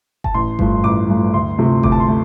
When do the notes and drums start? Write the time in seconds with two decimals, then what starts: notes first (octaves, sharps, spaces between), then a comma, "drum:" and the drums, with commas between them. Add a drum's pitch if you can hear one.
0.24 A5, drum: kick F#1
0.34 A1 C6
0.59 G2 F3 A3, drum: kick F#1
0.84 A1 D6
1.09 G2 F3 A3
1.34 D2 C6
1.58 C3 F3 A3
1.83 D2 D6, drum: kick F#1
1.92 A5
2.00 C6
2.08 A3